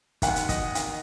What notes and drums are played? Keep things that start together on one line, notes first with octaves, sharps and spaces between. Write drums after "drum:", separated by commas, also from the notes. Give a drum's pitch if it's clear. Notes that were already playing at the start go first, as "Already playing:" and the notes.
D#2 D#3 F#5, drum: kick, hi-hat
drum: hi-hat
D#5, drum: kick, hi-hat
D#3 F#5, drum: hi-hat